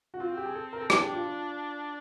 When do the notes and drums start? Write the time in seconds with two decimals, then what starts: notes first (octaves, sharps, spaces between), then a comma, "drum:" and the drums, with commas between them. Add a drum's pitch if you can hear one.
0.14 F#4
0.20 C4 F4
0.28 F#4
0.37 G4
0.46 G#4
0.55 A4
0.73 A#4
0.81 A4
0.90 D4 G#4, drum: rim click
1.02 G4
1.13 F4
1.25 F4